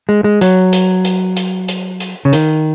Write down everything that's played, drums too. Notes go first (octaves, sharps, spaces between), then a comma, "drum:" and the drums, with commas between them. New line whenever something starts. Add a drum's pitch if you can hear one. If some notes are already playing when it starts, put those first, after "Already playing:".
G#3
G#3
F#3, drum: hi-hat
drum: hi-hat
drum: hi-hat
drum: hi-hat
drum: hi-hat
drum: hi-hat
C#3
D#3, drum: hi-hat